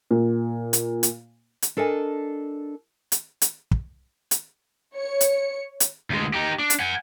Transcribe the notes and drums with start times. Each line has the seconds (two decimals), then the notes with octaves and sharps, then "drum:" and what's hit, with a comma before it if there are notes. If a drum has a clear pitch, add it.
0.11 A#2
0.73 drum: hi-hat
1.03 drum: hi-hat
1.62 drum: hi-hat
1.77 D4 A4 A#4 D#5 G#5
3.12 drum: hi-hat
3.42 drum: hi-hat
3.71 drum: kick
4.31 drum: hi-hat
4.95 C#5 C#7
5.21 drum: hi-hat
5.80 drum: hi-hat
6.10 D2 G#3
6.34 D#4 G4
6.59 D4
6.70 drum: hi-hat
6.79 F#5 G#5